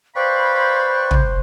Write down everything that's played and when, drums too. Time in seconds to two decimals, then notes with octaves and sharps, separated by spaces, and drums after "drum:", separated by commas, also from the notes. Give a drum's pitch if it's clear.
0.16 B4 C5 D5 F5 G5 B5 C#6
1.11 drum: tom